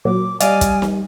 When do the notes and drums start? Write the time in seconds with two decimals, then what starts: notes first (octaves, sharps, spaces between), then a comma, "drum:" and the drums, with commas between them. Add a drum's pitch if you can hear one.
0.05 A#2 F#3 D6
0.40 G3 D5 D#5 F5 G#5, drum: hi-hat
0.61 drum: kick, hi-hat
0.82 drum: snare